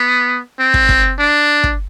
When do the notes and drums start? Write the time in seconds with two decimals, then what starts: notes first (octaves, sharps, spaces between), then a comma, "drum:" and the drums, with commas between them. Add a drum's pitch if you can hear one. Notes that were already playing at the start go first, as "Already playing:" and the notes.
Already playing: B3
0.59 C4
0.74 drum: kick
0.89 drum: kick
1.19 D4
1.64 drum: kick